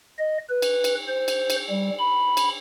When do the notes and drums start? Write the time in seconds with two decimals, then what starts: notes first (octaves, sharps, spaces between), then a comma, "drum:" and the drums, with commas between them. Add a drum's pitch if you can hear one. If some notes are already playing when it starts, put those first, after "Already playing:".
0.19 D#5
0.49 B4
0.62 drum: cymbal
0.84 drum: cymbal
1.08 C5
1.28 drum: cymbal
1.50 drum: cymbal
1.70 G3
1.99 B5
2.37 drum: cymbal